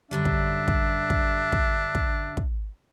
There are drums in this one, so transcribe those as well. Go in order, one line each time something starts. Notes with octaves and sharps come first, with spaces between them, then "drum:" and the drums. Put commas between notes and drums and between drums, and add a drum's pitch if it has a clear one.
F#2 D3 G3 D4 E5
drum: kick
drum: kick
drum: kick
drum: kick
drum: kick
drum: kick